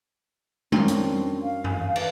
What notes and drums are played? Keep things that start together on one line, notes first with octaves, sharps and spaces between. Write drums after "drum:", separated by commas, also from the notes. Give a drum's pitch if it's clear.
F#2 C4 D4 C6, drum: tom G3
drum: hi-hat
F5
G#5, drum: tom F#2
B4 D5, drum: cymbal